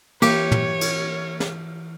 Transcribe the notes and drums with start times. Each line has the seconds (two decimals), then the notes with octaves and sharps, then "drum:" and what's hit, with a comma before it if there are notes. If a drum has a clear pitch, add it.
0.22 E3 A#3 G4 C#5, drum: cymbal
0.52 drum: tom
0.81 drum: cymbal
1.40 drum: snare